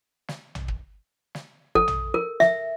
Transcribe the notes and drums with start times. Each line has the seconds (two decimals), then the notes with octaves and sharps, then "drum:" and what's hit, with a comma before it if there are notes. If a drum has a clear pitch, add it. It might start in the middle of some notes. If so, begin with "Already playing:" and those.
0.28 drum: snare
0.55 drum: tom A#1
0.68 drum: kick
1.35 drum: snare
1.75 A4, drum: kick
1.88 drum: tom A#1
2.14 A#4
2.40 E5, drum: snare